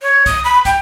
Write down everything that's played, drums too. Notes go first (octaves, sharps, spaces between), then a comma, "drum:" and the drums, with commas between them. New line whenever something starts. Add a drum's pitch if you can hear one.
C#5
D#6, drum: kick, hi-hat
B5
G5, drum: kick, hi-hat